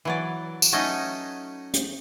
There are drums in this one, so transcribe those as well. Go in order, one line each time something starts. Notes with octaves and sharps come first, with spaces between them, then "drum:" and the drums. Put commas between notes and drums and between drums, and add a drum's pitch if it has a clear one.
E3 F#3 D5
drum: tambourine
F#3 A3 C#4 D#4 D#5
drum: hi-hat